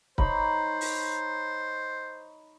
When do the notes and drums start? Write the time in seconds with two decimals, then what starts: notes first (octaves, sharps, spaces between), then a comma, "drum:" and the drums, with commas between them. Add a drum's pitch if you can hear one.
0.18 D#4 C5 C#5 B5, drum: kick C#1
0.81 drum: open hi-hat